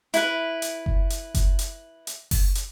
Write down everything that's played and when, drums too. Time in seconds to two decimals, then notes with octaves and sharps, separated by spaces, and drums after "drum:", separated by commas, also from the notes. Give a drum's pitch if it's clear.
0.14 E4 B4, drum: hi-hat
0.62 drum: hi-hat
0.86 drum: kick F#1
1.10 drum: hi-hat
1.34 drum: kick F#1, hi-hat
1.59 drum: hi-hat
2.07 drum: hi-hat
2.31 drum: kick F#1, open hi-hat
2.55 drum: hi-hat